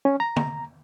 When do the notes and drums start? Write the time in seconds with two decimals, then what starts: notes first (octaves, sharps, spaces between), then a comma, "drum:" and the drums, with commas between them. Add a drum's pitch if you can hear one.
0.05 C#4
0.20 A#5
0.36 drum: tom